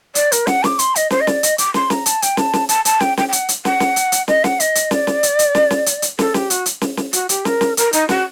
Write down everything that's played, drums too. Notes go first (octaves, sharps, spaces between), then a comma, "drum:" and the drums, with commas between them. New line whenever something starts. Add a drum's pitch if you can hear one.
D5, drum: hi-hat
A#4, drum: hi-hat
F#5, drum: snare
D6, drum: snare
C6, drum: hi-hat
D#5, drum: hi-hat
C5, drum: snare
D#5
D5, drum: snare
D#5, drum: hi-hat
D6, drum: hi-hat
C6, drum: snare
A#5, drum: snare
A5, drum: hi-hat
G5, drum: hi-hat
A5, drum: snare
drum: snare
A5, drum: hi-hat
A5, drum: hi-hat
G5, drum: snare
G5, drum: snare
G5
F#5, drum: hi-hat
drum: hi-hat
F#5, drum: snare
drum: snare
drum: hi-hat
drum: hi-hat
D#5, drum: snare
F#5, drum: snare
D#5, drum: hi-hat
drum: hi-hat
D5, drum: snare
drum: snare
drum: hi-hat
drum: hi-hat
drum: snare
drum: snare
drum: hi-hat
drum: hi-hat
A4, drum: snare
G4, drum: snare
F#4, drum: hi-hat
drum: hi-hat
drum: snare
drum: snare
F#4, drum: hi-hat
G4, drum: hi-hat
A#4, drum: snare
drum: snare
A#4, drum: hi-hat
D#4, drum: hi-hat
F#4, drum: snare